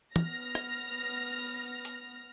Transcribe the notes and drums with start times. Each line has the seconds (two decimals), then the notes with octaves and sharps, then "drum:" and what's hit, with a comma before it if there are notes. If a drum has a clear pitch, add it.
0.16 B3 F6 A#6, drum: tom
0.55 drum: rim click
1.85 drum: hi-hat